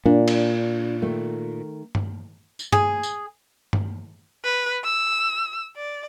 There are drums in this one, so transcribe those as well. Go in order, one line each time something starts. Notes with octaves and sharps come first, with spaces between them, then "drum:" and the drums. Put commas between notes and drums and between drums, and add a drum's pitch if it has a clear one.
A#2 D4
drum: cymbal
D#3 A3
drum: tom G2
drum: tambourine
G#4, drum: tom G2
drum: tambourine
drum: tom G2
B4
E6
D5